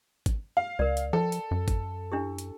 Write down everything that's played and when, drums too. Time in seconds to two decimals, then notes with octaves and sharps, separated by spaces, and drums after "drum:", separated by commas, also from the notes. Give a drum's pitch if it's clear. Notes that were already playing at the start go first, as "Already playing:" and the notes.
0.26 drum: kick, hi-hat
0.57 F5
0.79 C#2 A#4 D5
0.97 drum: hi-hat
1.13 F3 A4 G5
1.32 drum: hi-hat
1.51 F#2
1.68 drum: kick, hi-hat
2.12 D4 E4 G4
2.38 drum: hi-hat